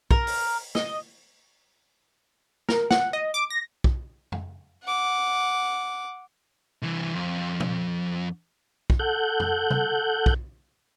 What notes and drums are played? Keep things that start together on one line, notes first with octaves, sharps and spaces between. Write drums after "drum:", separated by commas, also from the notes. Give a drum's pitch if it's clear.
A#4, drum: kick
drum: open hi-hat
D#5, drum: snare
A#4, drum: snare
F#5, drum: snare
D#5
D6
A#6
drum: kick
drum: tom
F#5 D6
C2 E3
F2
drum: tom
drum: kick
A4 F#5 G6
drum: tom
drum: tom C3
drum: kick